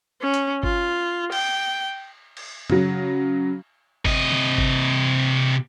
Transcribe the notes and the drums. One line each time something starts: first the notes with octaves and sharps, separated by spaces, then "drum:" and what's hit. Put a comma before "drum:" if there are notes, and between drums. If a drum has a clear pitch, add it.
C#4
drum: hi-hat
F4, drum: kick G1
G5, drum: cymbal
drum: cymbal
C#3 F#3, drum: tom
C3 D#5, drum: kick G1
drum: tom D3
drum: kick G1